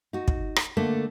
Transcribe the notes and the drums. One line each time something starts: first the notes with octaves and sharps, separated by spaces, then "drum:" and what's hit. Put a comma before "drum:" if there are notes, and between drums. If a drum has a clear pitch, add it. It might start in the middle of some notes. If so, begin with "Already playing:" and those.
D#4 F#4
drum: kick
drum: rim click
D3 A3 A#3